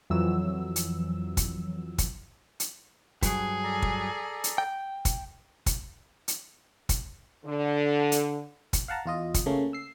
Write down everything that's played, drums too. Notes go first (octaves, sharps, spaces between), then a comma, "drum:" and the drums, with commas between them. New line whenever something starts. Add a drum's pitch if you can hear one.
F2 E3 F#3 E6
drum: hi-hat
drum: kick, hi-hat
drum: kick, hi-hat
drum: hi-hat
G2 F#3 G#4, drum: kick, hi-hat
A4 D5 A#5
drum: kick
drum: hi-hat
G5
drum: kick, hi-hat
drum: kick, hi-hat
drum: hi-hat
drum: kick, hi-hat
D3
drum: hi-hat
drum: kick, hi-hat
F5 F#5 A5 A#5
E2 F4 D#5
drum: kick, hi-hat
C#3 A3 A#3 C#4
E6 C7